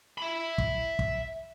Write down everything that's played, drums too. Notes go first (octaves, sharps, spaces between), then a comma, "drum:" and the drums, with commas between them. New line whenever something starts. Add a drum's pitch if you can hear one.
E5 B5
drum: kick
drum: kick